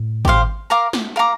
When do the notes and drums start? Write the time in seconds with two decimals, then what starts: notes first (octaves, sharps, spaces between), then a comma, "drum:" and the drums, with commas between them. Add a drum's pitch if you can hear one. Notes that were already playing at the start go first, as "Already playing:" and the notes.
Already playing: A2
0.25 G4 C5 F5, drum: kick
0.70 A#4 F5 A#5 D6
0.93 drum: snare
1.16 A#4 F5 A#5 D6